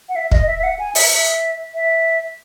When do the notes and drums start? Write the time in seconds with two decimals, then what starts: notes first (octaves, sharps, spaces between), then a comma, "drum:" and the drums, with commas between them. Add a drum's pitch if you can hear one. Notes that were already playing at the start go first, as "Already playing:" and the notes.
0.09 F#5
0.16 E5
0.31 D#5, drum: kick
0.47 E5
0.58 E5
0.63 F#5
0.79 G#5
0.95 E5, drum: open hi-hat
1.11 E5
1.75 E5